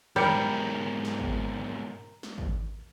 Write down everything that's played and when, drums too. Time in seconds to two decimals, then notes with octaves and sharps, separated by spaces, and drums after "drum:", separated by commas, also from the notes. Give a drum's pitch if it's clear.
0.16 B1 G#2 G3 A#4 G6 C#7
1.05 drum: snare
1.20 drum: kick G#1
2.23 drum: snare
2.38 drum: kick G#1